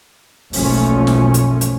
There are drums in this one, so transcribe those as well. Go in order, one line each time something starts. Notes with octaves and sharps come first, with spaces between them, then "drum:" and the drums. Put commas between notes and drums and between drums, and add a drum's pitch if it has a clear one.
F#1 B1 F3 A3 C#4, drum: open hi-hat
drum: snare
drum: hi-hat
drum: hi-hat